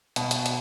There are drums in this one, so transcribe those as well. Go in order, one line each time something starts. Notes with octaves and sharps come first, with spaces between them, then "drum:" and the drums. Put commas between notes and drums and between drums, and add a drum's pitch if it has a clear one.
B2, drum: hi-hat
drum: hi-hat
drum: hi-hat